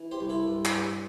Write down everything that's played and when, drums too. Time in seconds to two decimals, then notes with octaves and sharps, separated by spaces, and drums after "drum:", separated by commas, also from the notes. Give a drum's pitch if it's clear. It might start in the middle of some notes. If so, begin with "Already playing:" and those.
Already playing: E3
0.11 G4 C5
0.20 C2
0.29 E4 A4
0.47 G2
0.65 drum: clap
0.75 G2